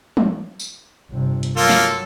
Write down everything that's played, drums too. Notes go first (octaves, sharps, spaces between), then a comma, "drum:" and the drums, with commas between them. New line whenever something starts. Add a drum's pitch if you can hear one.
drum: tom
drum: tambourine
G1 C3
drum: hi-hat
F#3 A#3 F4 A4
drum: snare